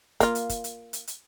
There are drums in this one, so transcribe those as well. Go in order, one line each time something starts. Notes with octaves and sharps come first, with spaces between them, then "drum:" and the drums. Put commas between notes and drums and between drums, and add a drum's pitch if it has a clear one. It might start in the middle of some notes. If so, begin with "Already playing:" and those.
A#3 F4, drum: kick, hi-hat
drum: hi-hat
drum: kick, hi-hat
drum: hi-hat
drum: hi-hat
drum: hi-hat